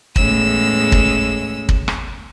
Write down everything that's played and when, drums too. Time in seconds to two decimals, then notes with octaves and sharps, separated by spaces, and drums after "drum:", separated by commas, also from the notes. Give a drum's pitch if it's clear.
0.16 E2 A2 G#3 C#4 E6, drum: kick
0.92 drum: kick
1.69 drum: kick
1.88 drum: rim click